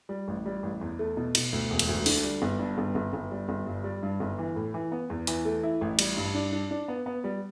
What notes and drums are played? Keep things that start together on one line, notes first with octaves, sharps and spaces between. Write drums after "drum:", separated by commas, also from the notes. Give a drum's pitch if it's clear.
G3
A1
G3
A1
E2
A3
B2
B2, drum: cymbal
D2
E1
drum: cymbal
D2
D3, drum: open hi-hat
G3
G1
G2
G1
G1
G1
G3
G1
G2
G3
G2
G1
E3
A2
E3
B3
E2
E3, drum: hi-hat
A3
E4
A1
G3, drum: cymbal
G2
D4
D4
D4
B3
B3
G3